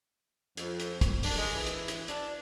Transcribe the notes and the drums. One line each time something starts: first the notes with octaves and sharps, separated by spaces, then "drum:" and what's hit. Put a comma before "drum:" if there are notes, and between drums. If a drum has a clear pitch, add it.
F2, drum: hi-hat
drum: hi-hat
drum: kick, hi-hat
D4, drum: open hi-hat
G#3
E3
drum: hi-hat
drum: hi-hat
D4, drum: hi-hat